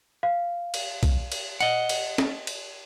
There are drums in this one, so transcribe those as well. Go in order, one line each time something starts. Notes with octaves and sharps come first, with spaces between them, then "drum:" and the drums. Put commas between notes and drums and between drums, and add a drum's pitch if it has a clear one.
F5
drum: cymbal
drum: kick, cymbal
drum: cymbal
D#5 F#5, drum: cymbal
drum: cymbal
drum: snare
drum: cymbal